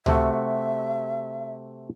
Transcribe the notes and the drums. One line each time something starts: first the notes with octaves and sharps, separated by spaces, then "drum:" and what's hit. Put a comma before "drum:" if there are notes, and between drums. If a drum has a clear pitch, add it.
C3 A3 F#4 E5, drum: tom C#2